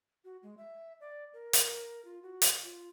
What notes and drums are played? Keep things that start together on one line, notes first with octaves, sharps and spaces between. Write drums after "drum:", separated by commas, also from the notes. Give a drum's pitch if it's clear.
F#4
G#3
E5
D5
A#4
drum: hi-hat
F4
F#4
drum: hi-hat
F4